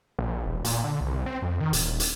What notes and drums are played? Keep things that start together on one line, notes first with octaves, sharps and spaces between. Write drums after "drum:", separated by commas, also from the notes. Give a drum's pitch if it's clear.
A#1
E1
A#2, drum: hi-hat
D3
C2
C4
F2
D#3
D#1, drum: hi-hat
drum: hi-hat